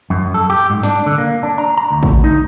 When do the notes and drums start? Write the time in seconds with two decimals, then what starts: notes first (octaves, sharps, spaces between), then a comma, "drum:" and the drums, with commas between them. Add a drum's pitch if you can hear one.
0.10 F#2
0.34 A4
0.50 G4
0.70 G#2
0.83 D4, drum: snare
1.06 D3
1.18 A#3
1.43 D4
1.58 A#5
1.77 A#5
1.91 D2
2.03 drum: kick
2.24 D#4